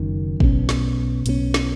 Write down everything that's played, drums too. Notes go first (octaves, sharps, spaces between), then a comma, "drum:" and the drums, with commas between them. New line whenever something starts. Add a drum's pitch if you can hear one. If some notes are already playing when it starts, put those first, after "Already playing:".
Already playing: F#1 F#2 D#3
B1 B2 F#3 C#4, drum: kick
drum: snare
B1 B2 F#3 C#4, drum: hi-hat
drum: snare